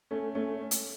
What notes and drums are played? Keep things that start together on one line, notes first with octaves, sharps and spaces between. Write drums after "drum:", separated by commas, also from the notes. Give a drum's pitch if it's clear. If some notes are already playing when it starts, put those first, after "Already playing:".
A3 C#4
A3 C#4
drum: hi-hat